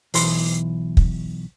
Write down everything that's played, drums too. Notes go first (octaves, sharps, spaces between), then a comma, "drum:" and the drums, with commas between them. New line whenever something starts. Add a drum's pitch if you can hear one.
B1 E3 C6, drum: open hi-hat
drum: kick